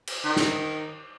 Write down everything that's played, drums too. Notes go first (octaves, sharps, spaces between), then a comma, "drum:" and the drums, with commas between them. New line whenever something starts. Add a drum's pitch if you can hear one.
drum: cymbal
D#3
drum: snare